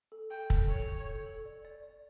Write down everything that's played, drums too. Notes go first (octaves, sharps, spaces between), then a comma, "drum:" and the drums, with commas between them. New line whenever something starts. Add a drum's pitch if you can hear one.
A4
A4 G5
A4, drum: kick
A4 C#5
G5
A4
A4
D5
D5
D5